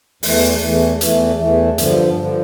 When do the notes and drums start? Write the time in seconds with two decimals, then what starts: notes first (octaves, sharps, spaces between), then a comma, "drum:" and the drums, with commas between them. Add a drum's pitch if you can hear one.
0.23 E2 E3 A3, drum: open hi-hat
0.62 E2 E3 A3
1.01 E2 E3 A3, drum: hi-hat
1.39 E2 E3 A3
1.78 G2 D3 F3, drum: hi-hat
2.17 G2 D3 F3